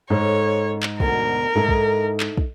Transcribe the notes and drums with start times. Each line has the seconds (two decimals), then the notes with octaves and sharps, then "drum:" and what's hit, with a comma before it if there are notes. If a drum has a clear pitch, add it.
0.10 G#2 C#4 A4 C5 C#5
0.83 drum: clap
1.00 D2 B2 A#4, drum: kick
1.55 G#2 D#4 E4 A4
1.69 drum: kick
2.20 drum: clap
2.37 drum: kick